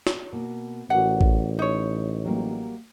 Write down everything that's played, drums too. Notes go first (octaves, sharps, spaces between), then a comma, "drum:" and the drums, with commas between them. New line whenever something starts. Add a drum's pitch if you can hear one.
drum: snare
B2 A#3
A1 F#4 A#4 D5 F#5
drum: kick A1
D#4 C#5
F#3 G3 A#3